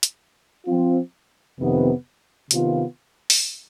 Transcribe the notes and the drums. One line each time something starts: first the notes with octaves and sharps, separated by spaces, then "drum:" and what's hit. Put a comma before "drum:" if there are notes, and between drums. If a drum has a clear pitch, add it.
drum: hi-hat
F3 C4 F4
F2 C3 D#3 B3
C3 D#3 B3 F4, drum: hi-hat
drum: open hi-hat